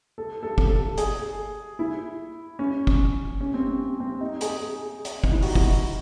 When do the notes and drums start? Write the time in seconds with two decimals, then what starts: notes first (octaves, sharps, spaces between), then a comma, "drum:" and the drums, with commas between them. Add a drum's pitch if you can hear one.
0.18 A4
0.43 A4
0.58 drum: kick
0.69 A4
0.97 G#4, drum: hi-hat
1.79 E4
2.59 C#4
2.87 drum: kick
3.41 C#4
3.54 C4
3.67 C4
4.00 C4
4.21 D#4
4.41 G#4, drum: hi-hat
4.61 G#4
5.05 drum: hi-hat
5.24 D#4, drum: kick
5.32 E4
5.42 F#4, drum: open hi-hat
5.55 E4, drum: kick
5.68 D#4